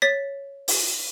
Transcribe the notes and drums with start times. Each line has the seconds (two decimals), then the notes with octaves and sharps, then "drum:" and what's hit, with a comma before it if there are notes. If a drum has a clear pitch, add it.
0.02 C#5 A6 B6
0.68 drum: open hi-hat